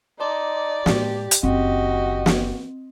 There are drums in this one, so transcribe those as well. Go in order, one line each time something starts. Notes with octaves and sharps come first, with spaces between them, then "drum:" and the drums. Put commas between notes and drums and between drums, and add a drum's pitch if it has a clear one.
D#4 D5 A5 C6 D6
A2 G#3 G4, drum: snare
drum: hi-hat
F#1 D#3 C4 F#4 G4 D#5
drum: snare